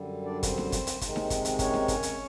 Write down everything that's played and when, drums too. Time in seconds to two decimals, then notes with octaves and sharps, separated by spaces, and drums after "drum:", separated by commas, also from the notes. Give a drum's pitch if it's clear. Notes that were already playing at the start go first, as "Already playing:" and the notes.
Already playing: F#2 D3 G3
0.24 D4 D5
0.43 C4 C5, drum: kick, hi-hat
0.58 drum: snare D#4
0.72 drum: kick, hi-hat
0.87 drum: hi-hat
1.01 C3 D#3 G#3 C4 D#4, drum: kick, hi-hat
1.16 drum: snare D#4
1.30 drum: kick, hi-hat
1.45 drum: hi-hat
1.59 C#4 C#5, drum: kick, hi-hat
1.74 drum: snare D#4
1.88 drum: kick, hi-hat
2.03 drum: hi-hat